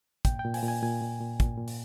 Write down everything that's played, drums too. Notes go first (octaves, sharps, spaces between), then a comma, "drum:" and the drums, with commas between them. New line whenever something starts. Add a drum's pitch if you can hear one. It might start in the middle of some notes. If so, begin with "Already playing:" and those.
A#2 G5, drum: kick, hi-hat
G5
A#2
G#5, drum: open hi-hat
A#2
G#5
A#2 G#5
A#2
A#2
A#2, drum: kick, hi-hat
A#2
drum: open hi-hat